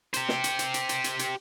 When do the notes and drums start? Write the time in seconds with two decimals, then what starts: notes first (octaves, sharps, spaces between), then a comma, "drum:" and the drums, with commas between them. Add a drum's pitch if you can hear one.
0.14 G4 C5, drum: hi-hat
0.29 drum: snare
0.44 drum: hi-hat
0.59 drum: hi-hat
0.74 drum: hi-hat
0.89 drum: hi-hat
1.04 drum: hi-hat
1.19 drum: hi-hat